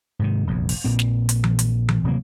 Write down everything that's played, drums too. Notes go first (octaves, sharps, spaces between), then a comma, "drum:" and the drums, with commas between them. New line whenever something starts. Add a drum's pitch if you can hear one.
G#2 C3 D#3
F1 A#1 E2
drum: open hi-hat
A#1 A#2 C4
drum: snare
drum: hi-hat
drum: tom E3
drum: hi-hat
drum: tom E3
D1 C3 F#3 A#3